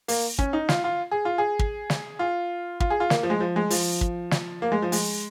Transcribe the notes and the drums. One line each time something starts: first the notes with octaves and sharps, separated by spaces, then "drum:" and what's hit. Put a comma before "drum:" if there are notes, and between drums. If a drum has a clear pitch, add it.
A#3, drum: open hi-hat
C#4, drum: kick
D#4
F4, drum: snare
F4
G#4
F4
G#4
drum: kick
drum: snare
F4
F4, drum: kick
G#4
F4
A#3, drum: snare
F3
G#3
F3
G#3
F3, drum: open hi-hat
drum: kick
drum: snare
A#3
G#3
F3
G#3, drum: open hi-hat